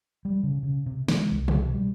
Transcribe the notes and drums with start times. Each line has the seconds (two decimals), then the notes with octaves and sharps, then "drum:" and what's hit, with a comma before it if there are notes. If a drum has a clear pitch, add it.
0.25 G3
0.43 C#3
0.63 C#3
0.86 C3
1.08 G#3, drum: snare
1.32 C2
1.48 drum: tom B2
1.74 G3